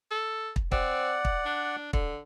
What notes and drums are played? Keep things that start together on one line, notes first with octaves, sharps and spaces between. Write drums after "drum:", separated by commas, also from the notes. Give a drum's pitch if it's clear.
A4
drum: kick
C4 D5 F#5, drum: kick
drum: kick
D4
D3, drum: kick